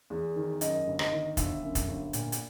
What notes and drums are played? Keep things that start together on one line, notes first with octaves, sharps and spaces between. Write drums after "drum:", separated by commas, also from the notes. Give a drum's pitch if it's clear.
E2
D#3
F#2 D#5, drum: hi-hat
G1
D#5, drum: rim click
D#3
G1 E5, drum: kick, hi-hat
F#2
drum: kick, hi-hat
G1
A#2, drum: hi-hat
drum: hi-hat